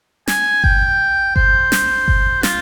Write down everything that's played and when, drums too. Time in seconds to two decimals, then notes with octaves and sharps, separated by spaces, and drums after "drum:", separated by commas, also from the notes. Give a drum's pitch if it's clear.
0.27 G#5, drum: snare
0.64 G5, drum: kick G1
1.36 C5, drum: kick G1
1.72 drum: snare
2.08 drum: kick G1
2.43 F4, drum: snare